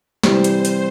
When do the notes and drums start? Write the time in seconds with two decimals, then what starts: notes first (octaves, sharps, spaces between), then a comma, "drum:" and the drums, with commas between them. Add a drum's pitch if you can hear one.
0.23 C3 E3 G3 C4 C5, drum: snare
0.44 drum: hi-hat
0.65 drum: hi-hat